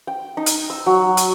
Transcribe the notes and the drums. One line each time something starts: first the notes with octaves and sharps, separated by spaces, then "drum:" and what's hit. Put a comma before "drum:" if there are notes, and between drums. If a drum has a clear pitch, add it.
G5
D#4
drum: hi-hat
E6
F#3
drum: hi-hat